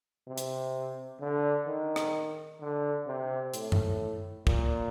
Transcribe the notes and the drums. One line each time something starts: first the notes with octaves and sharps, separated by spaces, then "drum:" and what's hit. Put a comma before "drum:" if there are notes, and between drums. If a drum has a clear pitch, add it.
C3
drum: hi-hat
D3
D#3
drum: rim click
D3
C3
A2, drum: hi-hat
drum: tom F#2
A#2, drum: kick